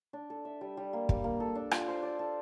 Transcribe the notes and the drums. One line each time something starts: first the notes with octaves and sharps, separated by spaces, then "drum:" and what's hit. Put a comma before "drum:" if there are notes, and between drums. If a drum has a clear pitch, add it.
D4
A4
E5
G3
G3
A#3
G3, drum: kick
A#3
A4
D4
F4, drum: rim click
C5
D5
A4